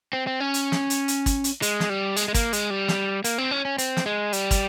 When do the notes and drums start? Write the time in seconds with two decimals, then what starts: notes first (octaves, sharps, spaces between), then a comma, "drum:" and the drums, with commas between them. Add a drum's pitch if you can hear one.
0.13 C4
0.27 C4
0.40 C#4
0.54 drum: hi-hat
0.72 drum: snare
0.90 drum: hi-hat
1.08 drum: hi-hat
1.26 drum: kick, hi-hat
1.44 drum: hi-hat
1.62 G#3, drum: hi-hat
1.80 drum: snare
1.90 G3
2.16 G#3, drum: hi-hat
2.28 G#3
2.34 A#3, drum: kick, hi-hat
2.53 G#3, drum: hi-hat
2.70 G3
2.88 drum: snare
3.24 A#3, drum: hi-hat
3.38 C4
3.51 C#4
3.65 C#4
3.78 C4, drum: hi-hat
3.97 drum: snare
4.06 G#3
4.33 G3, drum: hi-hat
4.51 drum: kick, hi-hat